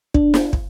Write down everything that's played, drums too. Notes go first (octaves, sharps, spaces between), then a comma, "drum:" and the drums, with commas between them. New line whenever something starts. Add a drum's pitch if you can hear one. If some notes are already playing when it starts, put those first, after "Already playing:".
D4, drum: kick
drum: snare
drum: kick